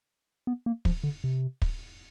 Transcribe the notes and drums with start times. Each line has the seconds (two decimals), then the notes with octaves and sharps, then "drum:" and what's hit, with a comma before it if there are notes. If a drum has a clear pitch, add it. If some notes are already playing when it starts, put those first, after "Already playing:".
0.47 B3
0.66 A#3
0.85 F3, drum: kick
1.04 D3
1.24 C3
1.62 drum: kick